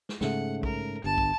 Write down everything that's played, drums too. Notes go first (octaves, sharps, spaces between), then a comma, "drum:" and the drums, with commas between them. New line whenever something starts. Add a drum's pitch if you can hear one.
drum: snare
G#2 C#3 A3 F#5, drum: snare
A#4, drum: kick
G1 G2 A5
drum: kick